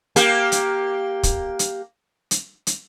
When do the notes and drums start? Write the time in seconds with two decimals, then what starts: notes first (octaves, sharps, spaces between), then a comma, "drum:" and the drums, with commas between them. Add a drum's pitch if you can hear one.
0.16 A#3 G4, drum: hi-hat
0.52 drum: hi-hat
1.23 drum: kick, hi-hat
1.59 drum: hi-hat
2.31 drum: hi-hat
2.67 drum: hi-hat